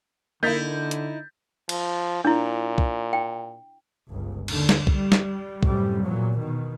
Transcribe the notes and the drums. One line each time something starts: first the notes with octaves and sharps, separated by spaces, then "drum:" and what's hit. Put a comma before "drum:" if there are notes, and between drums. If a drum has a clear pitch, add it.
D3 A#3 D#4 E4 G6 A6 B6
drum: hi-hat
F3, drum: cymbal
A#2 D4 E4
drum: kick
G5
G1 C#2
D#2 D3, drum: cymbal
drum: snare
G3, drum: kick
drum: snare
F#2 A2 C3 G3, drum: kick
E2 A#2 F#3
B2 D#3